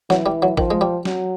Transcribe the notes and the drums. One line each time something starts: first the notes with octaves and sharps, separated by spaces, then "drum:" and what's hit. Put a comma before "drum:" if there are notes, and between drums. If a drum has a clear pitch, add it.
E3 F#3, drum: snare
G3
F#3
D#3 F3, drum: kick
G#3
G3
F#3, drum: snare